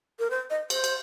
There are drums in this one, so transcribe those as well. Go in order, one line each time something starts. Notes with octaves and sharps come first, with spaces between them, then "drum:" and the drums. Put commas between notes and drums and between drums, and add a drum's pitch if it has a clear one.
A#4
C5
D#5
C5, drum: cymbal
drum: cymbal